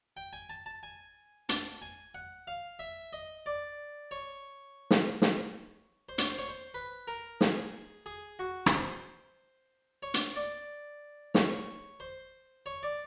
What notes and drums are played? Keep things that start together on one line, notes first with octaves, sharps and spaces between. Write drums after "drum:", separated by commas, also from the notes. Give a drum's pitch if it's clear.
G5
G#5
A5
A5
G#5
A5, drum: hi-hat
G#5
F#5
F5
E5
D#5
D5
C#5
drum: snare
drum: snare
C5
C#5, drum: hi-hat
C5
C#5
C5
B4
A#4
G#4, drum: snare
G#4
F#4
B4, drum: rim click
C5
C#5
drum: hi-hat
D5
C#5, drum: snare
C5
C#5
D5